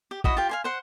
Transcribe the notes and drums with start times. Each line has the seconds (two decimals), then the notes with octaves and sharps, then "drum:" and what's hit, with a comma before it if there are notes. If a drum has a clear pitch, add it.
0.11 G4
0.24 E4 F#4 D#5, drum: kick
0.37 F4 G4 G5
0.49 F5 G#5 C6
0.64 C5 F#5 C6